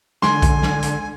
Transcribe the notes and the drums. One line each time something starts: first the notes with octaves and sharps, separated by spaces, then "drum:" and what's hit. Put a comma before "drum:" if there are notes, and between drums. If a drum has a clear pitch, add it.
D3 G#3 G#5 C6, drum: snare
drum: kick A#1, hi-hat
drum: snare
drum: hi-hat